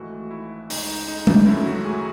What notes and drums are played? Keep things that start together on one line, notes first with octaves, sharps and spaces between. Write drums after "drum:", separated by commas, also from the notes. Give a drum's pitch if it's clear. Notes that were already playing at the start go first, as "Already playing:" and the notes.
Already playing: G#1 G#2 E3 A3 F#4
E4
C#2 C#3 G#3 D#4, drum: open hi-hat
D#4
drum: tom
F#2 D#3 F#3 A3 E4
F#4
G#4